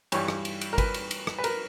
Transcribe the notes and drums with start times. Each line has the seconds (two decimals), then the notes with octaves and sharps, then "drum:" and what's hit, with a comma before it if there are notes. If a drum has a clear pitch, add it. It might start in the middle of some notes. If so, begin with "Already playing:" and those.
0.12 G2 E3 G3 C#5, drum: cymbal
0.28 drum: rim click
0.45 drum: cymbal
0.61 drum: cymbal
0.73 A#4
0.78 B4, drum: kick, cymbal
0.94 drum: cymbal
1.11 drum: cymbal
1.27 drum: rim click
1.38 B4
1.44 A#4, drum: cymbal